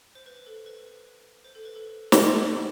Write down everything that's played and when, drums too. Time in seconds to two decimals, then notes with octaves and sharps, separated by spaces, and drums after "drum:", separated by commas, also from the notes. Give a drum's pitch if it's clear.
0.15 C5
0.26 B4
0.46 A4
0.66 B4
1.45 C5
1.55 A4
1.65 B4
1.75 A4
2.12 drum: snare